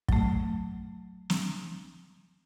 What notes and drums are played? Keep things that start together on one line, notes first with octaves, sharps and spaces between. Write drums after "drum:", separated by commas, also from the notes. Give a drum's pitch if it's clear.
F#3 A3, drum: kick
drum: snare